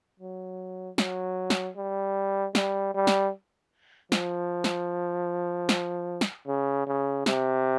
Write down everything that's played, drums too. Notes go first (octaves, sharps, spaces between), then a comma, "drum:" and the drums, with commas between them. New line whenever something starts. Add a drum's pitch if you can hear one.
F#3
F#3, drum: snare
drum: snare
G3
G3, drum: snare
G3
drum: snare
F3, drum: snare
drum: snare
drum: snare
drum: snare
C#3
C#3
C3, drum: snare